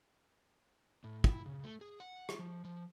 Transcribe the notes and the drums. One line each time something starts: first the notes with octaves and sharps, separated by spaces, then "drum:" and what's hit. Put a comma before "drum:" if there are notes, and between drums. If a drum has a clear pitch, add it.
A2
E4, drum: kick
C#3
A3
G#4
F#5
drum: rim click
F3
F3